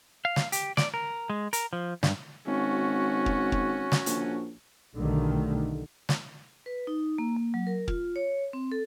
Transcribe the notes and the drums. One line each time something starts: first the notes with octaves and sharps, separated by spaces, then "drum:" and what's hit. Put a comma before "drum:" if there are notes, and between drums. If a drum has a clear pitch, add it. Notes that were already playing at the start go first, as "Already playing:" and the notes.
F5
drum: snare
G4, drum: hi-hat
D5, drum: snare
A#4
G#3
A#4, drum: hi-hat
F3
G2, drum: snare
G#1 C#4 F#4
drum: kick
drum: kick
drum: snare
A#1, drum: hi-hat
B1 D3 D#3 G3 A3
drum: snare
B4
D#4
A#3
A#3
F#3
A#4
F4, drum: kick
C#5
C4
A4